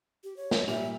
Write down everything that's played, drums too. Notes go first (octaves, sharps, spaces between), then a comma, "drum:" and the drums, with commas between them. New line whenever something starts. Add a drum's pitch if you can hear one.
G4
C#5
drum: snare
A#2 G3 E5 F7